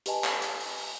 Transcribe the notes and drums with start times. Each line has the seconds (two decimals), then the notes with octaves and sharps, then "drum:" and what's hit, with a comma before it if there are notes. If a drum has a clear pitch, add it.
0.06 G4 B4 D#5 G#5 A5, drum: hi-hat
0.24 drum: clap
0.42 drum: hi-hat
0.60 drum: open hi-hat
0.78 drum: open hi-hat